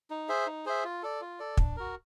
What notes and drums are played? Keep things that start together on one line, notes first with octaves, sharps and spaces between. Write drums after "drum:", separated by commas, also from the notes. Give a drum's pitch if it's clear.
D#4
G#4 C5 E5
D#4
G#4 C5 E5
F4
A4 D5
F4
A4 D5
D4, drum: kick
F#4 A#4